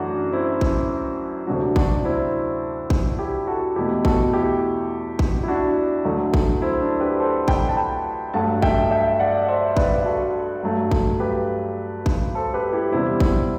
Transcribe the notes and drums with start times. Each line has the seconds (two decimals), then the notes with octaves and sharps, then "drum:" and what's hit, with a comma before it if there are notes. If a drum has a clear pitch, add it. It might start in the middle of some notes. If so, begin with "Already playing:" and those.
Already playing: F#2 E3 A3 D4 F#4
0.32 C4 E4
0.61 drum: kick A1
1.47 D2 C3 F#3 D4 F#4
1.76 D4 F#4, drum: kick A1
2.05 C4 E4
2.90 drum: kick A1
3.19 E4 G4
3.47 F#4 A4
3.76 E2 B2 A3 E4 G4
4.05 F#4 A4, drum: kick A1
4.33 E4 G4
5.19 drum: kick A1
5.43 E4
5.48 D4 F#4
6.05 D2 D3 F#3 A3
6.34 drum: kick A1
6.62 C4 E4
6.81 D4
7.00 G4 B4
7.20 A4 C5
7.48 G5 B5, drum: kick A1
7.69 A5
7.77 G5 B5
8.34 G2 F#3 A3 F#5 A5
8.62 E5 G5, drum: kick A1
8.91 E5 G5
9.19 D5 F#5
9.48 C5 E5
9.77 B4 D5, drum: kick A1
10.05 F#4 A4
10.63 G2 F#3 A3
10.91 drum: kick A1
11.19 G4 B4
12.06 drum: kick A1
12.35 A4 C5
12.54 G4 B4
12.73 E4 G4
12.92 E2 C3 G3 C4 E4
13.20 drum: kick A1